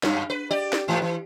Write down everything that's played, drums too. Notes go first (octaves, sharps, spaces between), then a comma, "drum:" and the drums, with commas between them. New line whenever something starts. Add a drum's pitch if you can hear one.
F#2, drum: snare
B4
G4 D5
drum: snare
G#2 E3
E3